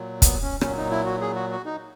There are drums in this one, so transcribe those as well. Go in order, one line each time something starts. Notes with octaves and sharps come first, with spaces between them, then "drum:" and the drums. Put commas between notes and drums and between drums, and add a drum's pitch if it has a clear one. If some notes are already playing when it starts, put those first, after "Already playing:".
Already playing: A#2 F#3
B3, drum: kick, hi-hat
C#4
A#2 F#3 C#4, drum: rim click
D#4
E4
F#4
G#4
F#4
F#4
D#4